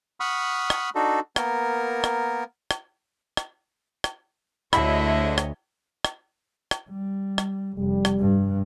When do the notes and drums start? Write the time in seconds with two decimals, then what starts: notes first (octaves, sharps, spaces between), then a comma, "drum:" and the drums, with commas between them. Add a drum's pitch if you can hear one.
0.20 F#5 B5 C#6 D#6 F6
0.70 drum: rim click
0.95 D4 D#4 F#4 A4
1.36 A#3 B3 A#4, drum: rim click
2.04 drum: rim click
2.71 drum: rim click
3.37 drum: rim click
4.04 drum: rim click
4.73 D2 D3 G#3 E4 C#5 D#5 E5 B5, drum: rim click
5.38 drum: rim click
6.05 drum: rim click
6.71 drum: rim click
6.89 G3
7.38 drum: rim click
7.78 F1 G3
8.05 drum: rim click
8.19 G2